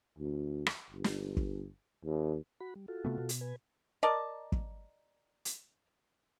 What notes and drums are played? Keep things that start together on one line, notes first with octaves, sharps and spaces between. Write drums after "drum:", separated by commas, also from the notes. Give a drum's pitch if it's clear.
D2
drum: rim click
G1
drum: snare
drum: kick
D#2
F#4 B5
G3
F4 F#4 A4
C3 A3 B3
B2
drum: hi-hat
B4 G#5
A#4 D5 D#5 A5
drum: kick
drum: hi-hat